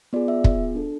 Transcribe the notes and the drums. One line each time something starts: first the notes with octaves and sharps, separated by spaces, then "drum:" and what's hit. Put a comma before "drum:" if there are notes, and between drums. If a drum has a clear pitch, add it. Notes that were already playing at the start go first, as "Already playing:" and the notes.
B3 F4 G#4 D5
E5
drum: kick
D4 A4